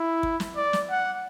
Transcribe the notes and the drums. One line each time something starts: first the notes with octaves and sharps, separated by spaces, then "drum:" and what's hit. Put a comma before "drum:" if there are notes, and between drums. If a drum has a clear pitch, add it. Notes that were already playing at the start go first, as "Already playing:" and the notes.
Already playing: E4
drum: kick
drum: snare
D5
drum: snare
F#5